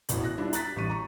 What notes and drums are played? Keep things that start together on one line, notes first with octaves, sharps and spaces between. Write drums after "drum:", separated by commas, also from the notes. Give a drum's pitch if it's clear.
E1 A1 E4 F#4, drum: hi-hat
F#6 A#6
G3 D4 E4 F4
A#5 F#6 A6 B6, drum: hi-hat
A1 G3 C#6 D#7
A#5 C#6